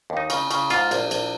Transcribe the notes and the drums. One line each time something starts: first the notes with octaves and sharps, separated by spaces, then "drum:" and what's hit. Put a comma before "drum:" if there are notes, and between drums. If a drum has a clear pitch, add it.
D#2
D#4
C#3, drum: cymbal
C#3, drum: cymbal
G#2 F4, drum: cymbal
A#1, drum: cymbal
A#1, drum: cymbal